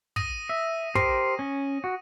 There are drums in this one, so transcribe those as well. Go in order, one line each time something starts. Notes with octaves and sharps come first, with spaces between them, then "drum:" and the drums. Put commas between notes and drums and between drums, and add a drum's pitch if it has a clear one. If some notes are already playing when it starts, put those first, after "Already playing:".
D#6 A#6 D#7, drum: kick
E5
G4 A#4 C5, drum: kick
C#4
F#4